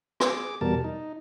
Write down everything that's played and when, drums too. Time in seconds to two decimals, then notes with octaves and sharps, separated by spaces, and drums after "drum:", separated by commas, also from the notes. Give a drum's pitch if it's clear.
0.20 G#4 D6, drum: rim click
0.61 E2 B2 G3 A#4 A5
0.84 D#4